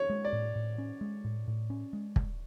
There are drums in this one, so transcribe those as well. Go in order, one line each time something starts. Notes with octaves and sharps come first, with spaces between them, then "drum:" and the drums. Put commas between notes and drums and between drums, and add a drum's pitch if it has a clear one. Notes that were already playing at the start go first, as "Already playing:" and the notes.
Already playing: C#5
G#3
D5
A2
A2
C#4
G#3
A2
A2
C#4
G#3
drum: kick